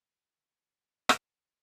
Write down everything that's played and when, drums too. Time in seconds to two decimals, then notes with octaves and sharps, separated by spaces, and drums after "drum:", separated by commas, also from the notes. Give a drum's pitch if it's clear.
0.34 D3
1.09 drum: rim click